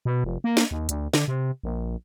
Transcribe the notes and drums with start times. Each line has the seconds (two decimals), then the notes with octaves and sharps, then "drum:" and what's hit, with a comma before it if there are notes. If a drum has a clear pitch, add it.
0.05 B2
0.24 F1
0.44 A#3
0.57 drum: snare
0.71 D#2
0.89 D2, drum: hi-hat
1.14 D3, drum: snare
1.28 C3
1.64 A#1